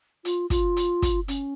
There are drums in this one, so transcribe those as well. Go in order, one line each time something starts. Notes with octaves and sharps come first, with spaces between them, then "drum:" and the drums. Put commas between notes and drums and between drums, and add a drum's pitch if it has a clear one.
F4, drum: hi-hat
F4, drum: kick, hi-hat
drum: hi-hat
drum: kick, hi-hat
C#4, drum: hi-hat